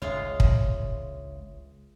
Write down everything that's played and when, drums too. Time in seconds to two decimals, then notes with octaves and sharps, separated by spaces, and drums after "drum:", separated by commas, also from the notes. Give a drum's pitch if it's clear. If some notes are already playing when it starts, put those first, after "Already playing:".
0.02 G1 C#2 E3 G#3 F4 C#5 E5
0.40 drum: kick